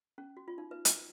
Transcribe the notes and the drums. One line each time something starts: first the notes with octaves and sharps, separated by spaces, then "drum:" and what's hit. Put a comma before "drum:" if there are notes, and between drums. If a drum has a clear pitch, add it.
C#4
F#4
F4
D#4
B4
B4, drum: hi-hat